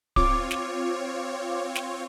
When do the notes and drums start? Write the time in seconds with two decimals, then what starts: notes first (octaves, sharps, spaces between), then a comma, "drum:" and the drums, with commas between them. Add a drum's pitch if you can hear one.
0.16 C4 F4 C#5 D6, drum: kick D1
0.51 drum: snare
1.75 drum: snare